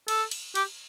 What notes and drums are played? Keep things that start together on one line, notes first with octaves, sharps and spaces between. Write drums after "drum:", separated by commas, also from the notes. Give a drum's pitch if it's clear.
A4, drum: cymbal
drum: cymbal
G4, drum: cymbal